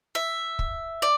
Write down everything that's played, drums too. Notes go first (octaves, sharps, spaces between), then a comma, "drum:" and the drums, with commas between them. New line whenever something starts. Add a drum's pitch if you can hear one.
E5
drum: kick
D5